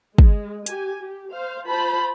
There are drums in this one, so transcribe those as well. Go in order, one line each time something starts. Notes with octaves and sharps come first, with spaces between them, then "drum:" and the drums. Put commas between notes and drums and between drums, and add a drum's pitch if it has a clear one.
G#3, drum: kick
G4 G#5, drum: hi-hat
G4
C5 F5
F4 C5 A5 B5